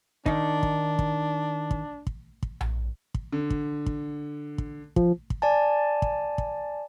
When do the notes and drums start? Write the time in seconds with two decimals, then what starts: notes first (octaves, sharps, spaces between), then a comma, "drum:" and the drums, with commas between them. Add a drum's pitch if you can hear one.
0.26 D#3 D4 D#4, drum: kick
0.63 drum: kick
0.99 drum: kick
1.71 drum: kick
2.07 drum: kick
2.43 drum: kick
2.61 drum: tom A#1
3.14 drum: kick
3.32 D3
3.50 drum: kick
3.86 drum: kick
4.58 drum: kick
4.96 F3, drum: kick
5.30 drum: kick
5.42 D5 G#5 A5
6.02 drum: kick
6.38 drum: kick